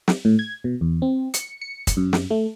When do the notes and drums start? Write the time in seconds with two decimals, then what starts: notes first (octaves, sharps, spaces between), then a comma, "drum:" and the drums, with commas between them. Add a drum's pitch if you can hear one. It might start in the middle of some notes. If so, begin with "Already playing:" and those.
0.08 drum: snare
0.25 A2
0.39 G#6
0.64 B2
0.81 E2
1.02 C4
1.34 C#7, drum: hi-hat
1.61 C#7
1.87 drum: kick, hi-hat
1.97 F#2
2.13 drum: snare
2.31 A3